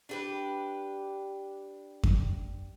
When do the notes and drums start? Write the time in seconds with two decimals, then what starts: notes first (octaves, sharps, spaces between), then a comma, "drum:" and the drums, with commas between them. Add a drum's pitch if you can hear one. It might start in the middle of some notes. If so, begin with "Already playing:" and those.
0.09 D4 G4 B4
2.04 drum: kick F2